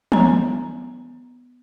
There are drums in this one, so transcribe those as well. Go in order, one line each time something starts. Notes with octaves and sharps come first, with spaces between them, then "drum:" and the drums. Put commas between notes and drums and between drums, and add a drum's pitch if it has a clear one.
B3 A#5, drum: tom